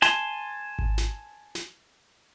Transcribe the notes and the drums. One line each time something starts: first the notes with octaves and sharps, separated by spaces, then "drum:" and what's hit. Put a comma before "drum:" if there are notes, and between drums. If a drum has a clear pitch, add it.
G#5 A5 C6, drum: snare
drum: kick G#1
drum: snare
drum: snare